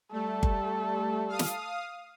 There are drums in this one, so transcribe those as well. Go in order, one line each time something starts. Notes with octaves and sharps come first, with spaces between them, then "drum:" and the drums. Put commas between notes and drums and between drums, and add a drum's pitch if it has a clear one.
G3 A3 A4
drum: kick G1
F5 D#6
drum: snare